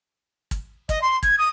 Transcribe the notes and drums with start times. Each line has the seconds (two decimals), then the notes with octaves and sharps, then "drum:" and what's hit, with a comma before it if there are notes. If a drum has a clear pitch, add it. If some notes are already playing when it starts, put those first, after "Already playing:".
0.51 drum: kick, hi-hat
0.89 D#5, drum: kick, hi-hat
1.02 C6
1.23 G#6, drum: kick, hi-hat
1.38 D#6